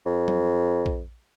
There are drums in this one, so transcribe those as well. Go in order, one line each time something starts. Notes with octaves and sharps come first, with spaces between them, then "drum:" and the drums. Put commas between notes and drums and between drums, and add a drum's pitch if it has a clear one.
F2
drum: tom F#3
drum: kick